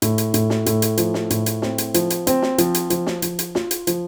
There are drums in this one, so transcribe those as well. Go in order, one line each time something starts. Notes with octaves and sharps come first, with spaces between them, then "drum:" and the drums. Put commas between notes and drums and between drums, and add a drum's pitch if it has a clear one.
A2, drum: hi-hat
drum: hi-hat
A2, drum: hi-hat
drum: snare
A2, drum: hi-hat
drum: hi-hat
F3, drum: hi-hat
drum: snare
A2, drum: hi-hat
drum: hi-hat
C4, drum: snare
drum: hi-hat
F3, drum: hi-hat
drum: hi-hat
C4, drum: hi-hat
drum: snare
F3, drum: hi-hat
drum: hi-hat
F3, drum: hi-hat
drum: snare
F3, drum: hi-hat
drum: hi-hat
F4, drum: snare
drum: hi-hat
F3, drum: hi-hat